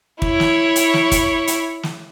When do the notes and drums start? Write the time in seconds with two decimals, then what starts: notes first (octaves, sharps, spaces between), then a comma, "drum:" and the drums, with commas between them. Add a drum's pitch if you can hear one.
0.22 E4 C#5, drum: kick
0.40 drum: snare
0.76 drum: hi-hat
0.94 drum: snare
1.12 drum: kick, hi-hat
1.47 drum: hi-hat
1.83 drum: snare